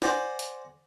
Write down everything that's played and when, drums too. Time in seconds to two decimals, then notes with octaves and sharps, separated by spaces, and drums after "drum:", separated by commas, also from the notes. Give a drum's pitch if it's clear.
0.02 C5 D5 F#5 G#5 A#5, drum: snare
0.39 drum: hi-hat